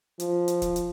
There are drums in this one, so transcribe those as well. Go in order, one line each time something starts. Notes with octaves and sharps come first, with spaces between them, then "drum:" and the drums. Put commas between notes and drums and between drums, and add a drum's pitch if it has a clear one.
F3, drum: hi-hat
drum: hi-hat
drum: kick E1, hi-hat
drum: hi-hat